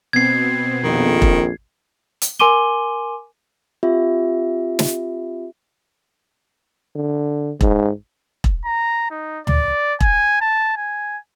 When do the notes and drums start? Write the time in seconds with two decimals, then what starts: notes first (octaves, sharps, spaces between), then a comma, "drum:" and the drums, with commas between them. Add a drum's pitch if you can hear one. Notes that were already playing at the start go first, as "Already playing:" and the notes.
0.13 B2 B3 C4 G#6 C7
0.84 A#1 F2 D#3
1.22 drum: kick E1
2.22 drum: hi-hat
2.39 A#4 G#5 C6 D6 D#7 G7
3.83 C4 F4 G4 E5
4.79 drum: snare
6.96 D3
7.61 G#2, drum: kick E1
8.44 drum: kick E1
8.65 A#5
9.11 D#4
9.47 D5, drum: tom
10.00 G#5, drum: kick E1
10.41 A5
10.77 G#5